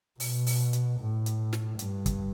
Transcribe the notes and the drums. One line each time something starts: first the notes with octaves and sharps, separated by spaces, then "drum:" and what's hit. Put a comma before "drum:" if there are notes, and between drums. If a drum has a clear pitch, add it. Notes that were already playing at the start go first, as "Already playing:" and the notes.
B2, drum: open hi-hat
drum: open hi-hat
drum: hi-hat
A2
drum: hi-hat
drum: snare
G2, drum: hi-hat
drum: kick, hi-hat